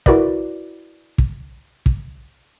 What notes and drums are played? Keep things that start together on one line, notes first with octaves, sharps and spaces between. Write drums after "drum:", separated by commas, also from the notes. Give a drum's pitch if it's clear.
E4 F#4 A#4 B4 D5, drum: kick
drum: kick
drum: kick